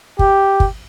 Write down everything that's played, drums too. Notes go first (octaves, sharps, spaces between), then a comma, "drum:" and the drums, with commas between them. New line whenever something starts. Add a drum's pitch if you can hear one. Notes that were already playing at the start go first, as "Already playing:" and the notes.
G4, drum: kick
drum: kick